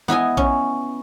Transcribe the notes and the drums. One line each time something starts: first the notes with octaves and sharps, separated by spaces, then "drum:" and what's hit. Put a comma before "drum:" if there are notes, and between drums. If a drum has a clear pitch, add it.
B3 E4 D#5 G#5
C#4, drum: kick